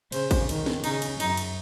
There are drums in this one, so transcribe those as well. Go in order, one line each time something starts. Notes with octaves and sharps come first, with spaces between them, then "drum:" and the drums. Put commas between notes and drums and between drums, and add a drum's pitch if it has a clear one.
C#3 C5, drum: cymbal
drum: kick, cymbal
D#3, drum: cymbal
drum: snare
C#3 D#4, drum: cymbal
drum: cymbal
F#2 D#4, drum: cymbal
drum: cymbal